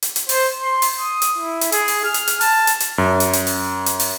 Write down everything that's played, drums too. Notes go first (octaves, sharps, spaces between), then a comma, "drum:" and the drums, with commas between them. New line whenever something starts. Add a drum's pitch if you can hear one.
drum: hi-hat
drum: hi-hat
C5, drum: open hi-hat
C6
drum: open hi-hat
D#6
drum: hi-hat
E4
drum: hi-hat
G#4, drum: hi-hat
drum: open hi-hat
F6
drum: hi-hat
drum: hi-hat
A5, drum: open hi-hat
drum: hi-hat
drum: hi-hat
F#2
drum: hi-hat
drum: hi-hat
drum: open hi-hat
drum: hi-hat
drum: open hi-hat